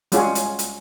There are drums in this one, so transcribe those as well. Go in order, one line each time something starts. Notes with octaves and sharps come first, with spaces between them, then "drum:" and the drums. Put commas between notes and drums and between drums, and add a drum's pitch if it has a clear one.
G3 G#3 C#4 F4 F#4 G#4, drum: hi-hat
drum: hi-hat
drum: hi-hat